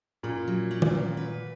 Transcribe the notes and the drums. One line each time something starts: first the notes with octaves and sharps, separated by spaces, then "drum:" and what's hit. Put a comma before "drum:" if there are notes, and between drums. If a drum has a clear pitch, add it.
A#2 C#4
F#3
C#4
drum: tom D#3
F#4
B4